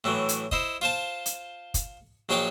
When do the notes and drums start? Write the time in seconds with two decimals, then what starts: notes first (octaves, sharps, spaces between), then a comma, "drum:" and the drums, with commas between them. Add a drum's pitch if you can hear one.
0.04 A2 E3 F#3
0.29 drum: hi-hat
0.52 E4 C5 D#5, drum: kick
0.81 F4 C5 A5
1.26 drum: hi-hat
1.74 drum: kick, hi-hat
2.29 A#1 F#3 G#4 C#5 G5 D6